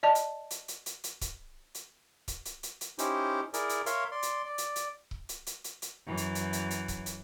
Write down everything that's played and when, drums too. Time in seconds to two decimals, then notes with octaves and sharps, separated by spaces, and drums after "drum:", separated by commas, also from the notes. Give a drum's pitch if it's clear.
0.03 D5 D#5 A5
0.15 drum: hi-hat
0.50 drum: hi-hat
0.68 drum: hi-hat
0.86 drum: hi-hat
1.04 drum: hi-hat
1.21 drum: kick C#1, hi-hat
1.74 drum: hi-hat
2.28 drum: kick C#1, hi-hat
2.45 drum: hi-hat
2.63 drum: hi-hat
2.81 drum: hi-hat
2.99 C#4 D#4 E4 G4 C5, drum: hi-hat
3.54 E4 G#4 A#4 D5, drum: hi-hat
3.69 drum: hi-hat
3.86 A#4 C#5 E5 F5 C6, drum: hi-hat
4.12 D5 C6
4.23 drum: hi-hat
4.45 D5
4.58 drum: hi-hat
4.76 drum: hi-hat
5.11 drum: kick C#1
5.29 drum: hi-hat
5.47 drum: hi-hat
5.64 drum: hi-hat
5.82 drum: hi-hat
6.07 F#2 E3
6.17 drum: hi-hat
6.35 drum: hi-hat
6.53 drum: hi-hat
6.71 drum: hi-hat
6.88 drum: kick C#1, hi-hat
7.06 drum: hi-hat